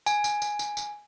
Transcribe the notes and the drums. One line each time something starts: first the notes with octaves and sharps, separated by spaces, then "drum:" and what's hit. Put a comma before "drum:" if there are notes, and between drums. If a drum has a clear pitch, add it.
G#5, drum: tambourine
drum: tambourine
drum: tambourine
drum: tambourine
drum: tambourine